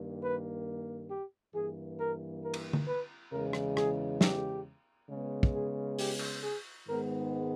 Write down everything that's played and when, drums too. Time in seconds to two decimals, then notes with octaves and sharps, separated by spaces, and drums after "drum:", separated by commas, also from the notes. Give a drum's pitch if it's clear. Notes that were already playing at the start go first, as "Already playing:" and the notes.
Already playing: G2 D#3 A#3
0.22 B4
1.10 G4
1.54 G2 E3 A#3 G#4
1.99 A#4
2.43 A#4
2.54 drum: cymbal
2.73 drum: tom
2.87 B4
3.31 E2 C#3 E3 G#3 A#4
3.53 drum: rim click
3.77 G#4, drum: rim click
4.21 G4, drum: snare
5.09 C#3 G#3 B3
5.43 drum: kick
5.54 G#4
5.99 G4, drum: open hi-hat
6.19 drum: cymbal
6.43 G#4
6.87 G#2 D#3 G#3 B3 A#4